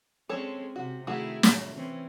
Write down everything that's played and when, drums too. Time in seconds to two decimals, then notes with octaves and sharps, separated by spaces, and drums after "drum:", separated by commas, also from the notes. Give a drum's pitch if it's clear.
0.29 G#3 C4 C#4 A4 C#5
0.76 C3 F#4
1.07 D#3 A3 E4 F#4 G#4
1.43 A2, drum: snare
1.75 E3 C4 C#4